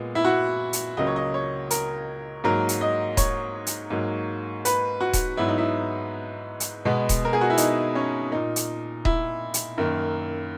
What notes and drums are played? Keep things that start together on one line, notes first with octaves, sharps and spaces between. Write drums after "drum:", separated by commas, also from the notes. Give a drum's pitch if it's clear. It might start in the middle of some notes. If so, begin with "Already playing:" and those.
Already playing: A#2 G#3 B3
E4
F#4
drum: hi-hat
C#2 C#3 F#3 A#3 D#5
C#5
D#5
C#5
A#4, drum: hi-hat
G#2 F#3 A#3 A#4
drum: hi-hat
D#5
C#5, drum: kick D#1, hi-hat
drum: hi-hat
G#2 F#3 A#3
B4, drum: hi-hat
F#4
drum: kick D#1, hi-hat
G#2 F#3 B3 E4
D#4
E4
drum: hi-hat
B2 G#3 B3
drum: kick D#1, hi-hat
A#4
G#4
F#4
E4
D#4, drum: hi-hat
C#4
A#2 A#3 D#4
drum: hi-hat
E4, drum: kick D#1
drum: hi-hat
F#2 D#3 A#3